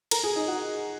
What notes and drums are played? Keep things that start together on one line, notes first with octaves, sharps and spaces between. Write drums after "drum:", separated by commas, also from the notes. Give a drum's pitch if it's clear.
A#4, drum: cymbal
G#4
D#4
F#4